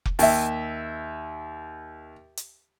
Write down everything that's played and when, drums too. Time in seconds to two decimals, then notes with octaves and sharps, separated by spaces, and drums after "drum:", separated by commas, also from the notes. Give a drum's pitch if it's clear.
0.05 drum: kick F1
0.19 D#2 E5, drum: open hi-hat
2.37 drum: hi-hat